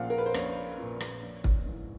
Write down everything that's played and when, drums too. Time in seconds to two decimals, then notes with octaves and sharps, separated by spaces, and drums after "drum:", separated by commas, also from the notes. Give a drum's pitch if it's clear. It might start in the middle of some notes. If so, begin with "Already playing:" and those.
Already playing: A#1 A#2 F3 F5 F#5
0.10 A#4
0.18 B4
0.26 C5
0.34 A#1 C#5, drum: rim click
0.78 A#2 F3
1.00 drum: rim click
1.22 A#1
1.44 drum: kick
1.66 G#2 E3